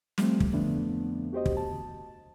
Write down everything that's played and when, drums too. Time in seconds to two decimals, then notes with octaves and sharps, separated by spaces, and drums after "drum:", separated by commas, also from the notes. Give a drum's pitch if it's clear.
0.18 F3 G3 A3 C4, drum: snare
0.40 drum: kick
0.52 F2 D3 F3 A3 B3 D4
1.33 F#4 G4 C5 D#5
1.46 drum: kick
1.57 A5